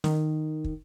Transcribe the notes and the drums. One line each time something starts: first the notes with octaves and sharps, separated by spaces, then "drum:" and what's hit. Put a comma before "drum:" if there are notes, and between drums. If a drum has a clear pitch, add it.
D#3, drum: snare
drum: kick